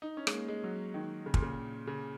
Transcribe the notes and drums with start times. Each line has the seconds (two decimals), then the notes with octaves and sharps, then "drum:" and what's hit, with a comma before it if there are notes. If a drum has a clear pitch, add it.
0.02 D#4
0.17 C#4
0.27 G#3, drum: rim click
0.32 A#3
0.48 G#3
0.63 F#3
0.94 D#3
1.26 C#3
1.34 A#2, drum: kick
1.42 C#3
1.87 C#3